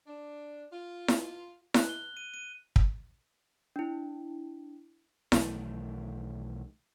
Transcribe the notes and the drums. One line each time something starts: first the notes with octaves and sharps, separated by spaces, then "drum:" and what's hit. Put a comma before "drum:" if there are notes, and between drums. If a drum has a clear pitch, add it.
D4
F4
drum: snare E4
F#6, drum: snare E4
G7
D#7
D#7
drum: kick
D4 E4
B1 D#3 E3 A3, drum: snare E4